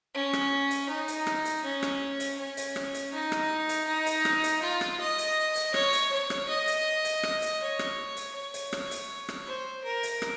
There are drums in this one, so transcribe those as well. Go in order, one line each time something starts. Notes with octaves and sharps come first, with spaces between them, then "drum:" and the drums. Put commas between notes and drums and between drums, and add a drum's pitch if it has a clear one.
C#4
drum: rim click
drum: hi-hat
D#4
drum: hi-hat
drum: rim click
drum: hi-hat
C#4
drum: rim click
drum: hi-hat
C#4
drum: hi-hat
drum: rim click
drum: hi-hat
D#4
drum: rim click
drum: hi-hat
D#4
drum: hi-hat
drum: rim click
drum: hi-hat
F4
drum: rim click
D#5
drum: hi-hat
drum: hi-hat
C#5, drum: rim click
drum: hi-hat
C#5
drum: rim click
D#5
drum: hi-hat
drum: hi-hat
drum: rim click
drum: hi-hat
C#5
drum: rim click
drum: hi-hat
C#5
drum: hi-hat
drum: rim click
drum: hi-hat
drum: rim click
C5
A#4
drum: hi-hat
drum: rim click